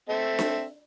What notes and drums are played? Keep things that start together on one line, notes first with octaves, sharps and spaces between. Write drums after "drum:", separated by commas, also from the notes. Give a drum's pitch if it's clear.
C4 A4 E5
drum: snare D4